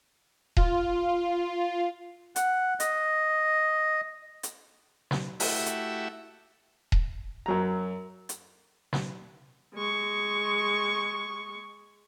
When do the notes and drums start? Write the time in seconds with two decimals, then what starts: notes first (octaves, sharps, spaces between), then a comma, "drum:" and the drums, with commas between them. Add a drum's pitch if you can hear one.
0.57 F4, drum: kick D#1
2.36 F#5, drum: hi-hat
2.80 D#5, drum: hi-hat
4.43 drum: hi-hat
5.11 drum: snare
5.40 A3 E4 F#4 G4 E5, drum: open hi-hat
5.66 drum: hi-hat
6.92 drum: kick D#1
7.46 F#2 F#3 A#5
8.29 drum: hi-hat
8.93 drum: snare
9.74 G#3 C#6